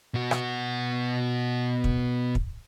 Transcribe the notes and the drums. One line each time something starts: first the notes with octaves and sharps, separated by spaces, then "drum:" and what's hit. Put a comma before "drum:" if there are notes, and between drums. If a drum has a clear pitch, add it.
B2 F#4
drum: rim click
drum: kick
drum: kick